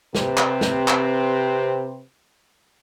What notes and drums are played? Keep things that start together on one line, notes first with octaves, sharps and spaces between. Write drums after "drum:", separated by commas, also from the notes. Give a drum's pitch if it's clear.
C3 C4 G4 B4 C5, drum: snare
drum: clap
drum: snare
drum: clap